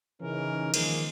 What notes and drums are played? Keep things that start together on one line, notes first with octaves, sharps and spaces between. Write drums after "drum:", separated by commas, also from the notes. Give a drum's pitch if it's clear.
C#3 E3 C#4 D#4 A#4
D#3 F3 G#3 A#3, drum: cymbal